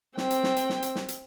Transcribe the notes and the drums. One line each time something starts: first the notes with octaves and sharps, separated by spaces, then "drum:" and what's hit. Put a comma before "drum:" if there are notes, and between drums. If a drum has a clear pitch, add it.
C4 G5, drum: snare
drum: hi-hat
drum: snare
drum: hi-hat
drum: snare
drum: hi-hat
drum: snare
drum: hi-hat